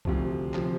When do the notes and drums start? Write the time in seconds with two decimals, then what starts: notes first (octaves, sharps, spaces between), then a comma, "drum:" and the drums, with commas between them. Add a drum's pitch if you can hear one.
0.05 D2 C3 F3, drum: kick B1
0.54 C3 F3, drum: clap